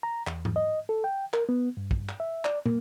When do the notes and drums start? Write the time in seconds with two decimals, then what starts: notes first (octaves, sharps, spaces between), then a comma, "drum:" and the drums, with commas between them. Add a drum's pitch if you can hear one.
0.03 A#5
0.27 E2, drum: clap
0.45 drum: tom G#2
0.56 D#5
0.89 A4
1.04 G5
1.33 A#4, drum: clap
1.49 B3
1.77 G2
1.91 drum: kick
2.09 drum: clap
2.20 E5
2.45 D5, drum: clap
2.66 A#3, drum: tom